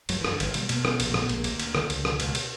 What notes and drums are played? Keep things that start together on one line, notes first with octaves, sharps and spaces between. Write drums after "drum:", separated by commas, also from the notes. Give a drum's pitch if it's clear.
G2 F#3, drum: cymbal
E3
G2, drum: rim click
D3
G1 E3, drum: cymbal
B2 G3, drum: cymbal
B2 A#3, drum: cymbal
B2 C#4, drum: rim click
A#1 B3, drum: cymbal
A#3
A#2, drum: rim click
B3
A#1 A#3, drum: cymbal
D2 A#3, drum: cymbal
D2, drum: cymbal
D3, drum: rim click
C#2, drum: cymbal
B2, drum: rim click
C#2, drum: cymbal
drum: cymbal